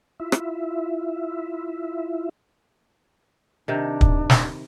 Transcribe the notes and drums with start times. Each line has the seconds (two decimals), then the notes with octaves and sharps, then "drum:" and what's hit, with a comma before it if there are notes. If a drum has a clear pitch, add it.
0.20 E4 F4 E5
0.32 drum: rim click
3.68 C3 D#3 D4
4.01 drum: kick
4.30 drum: snare